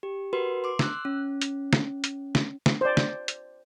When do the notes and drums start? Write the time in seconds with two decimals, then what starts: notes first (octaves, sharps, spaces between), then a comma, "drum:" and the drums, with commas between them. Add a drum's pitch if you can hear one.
0.03 G4
0.33 F#4 A#4 B4 C6
0.64 C6 D6
0.79 E6 F#6, drum: snare
1.05 C#4
1.42 drum: hi-hat
1.73 drum: snare
2.04 drum: hi-hat
2.35 drum: snare
2.66 drum: snare
2.81 C5 D5
2.97 drum: snare
3.28 drum: hi-hat